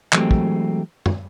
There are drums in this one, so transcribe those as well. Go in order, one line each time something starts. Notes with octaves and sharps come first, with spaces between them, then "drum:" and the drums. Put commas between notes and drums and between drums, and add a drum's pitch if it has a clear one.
E3 F#3 G#3 A3 C4 G4, drum: clap
drum: kick
drum: tom F#2